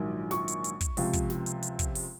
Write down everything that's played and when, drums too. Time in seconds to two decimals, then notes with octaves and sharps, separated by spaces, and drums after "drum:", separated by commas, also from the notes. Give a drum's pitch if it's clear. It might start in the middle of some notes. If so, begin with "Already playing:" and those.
Already playing: A#1 G#2 D#3 F#3
0.31 C#6, drum: snare
0.48 drum: hi-hat
0.64 drum: hi-hat
0.81 drum: kick, hi-hat
0.97 C#2 C3 F3, drum: open hi-hat
1.13 drum: kick, hi-hat
1.30 drum: snare
1.46 drum: hi-hat
1.63 drum: hi-hat
1.79 drum: kick, hi-hat
1.95 drum: open hi-hat